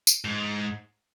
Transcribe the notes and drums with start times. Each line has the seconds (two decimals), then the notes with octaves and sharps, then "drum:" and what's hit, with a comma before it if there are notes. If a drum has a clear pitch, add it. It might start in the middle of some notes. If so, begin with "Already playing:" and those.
0.07 drum: tambourine
0.25 G#2